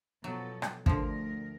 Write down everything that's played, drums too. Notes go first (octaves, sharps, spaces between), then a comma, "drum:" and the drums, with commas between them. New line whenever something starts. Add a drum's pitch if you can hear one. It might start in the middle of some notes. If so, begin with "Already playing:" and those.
B2 F3 F#3 A4
drum: rim click
D2 D3 F3 A#4, drum: kick